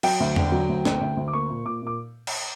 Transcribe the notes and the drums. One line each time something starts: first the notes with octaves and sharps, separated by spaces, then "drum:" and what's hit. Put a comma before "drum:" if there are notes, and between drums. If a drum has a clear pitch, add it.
F#3 G5, drum: cymbal
D2
D3, drum: tom E2
F#3
D2
D2, drum: snare
D2
D2
D6
A#3 C#6
A#2
A#2 D6
A#2 D6
drum: cymbal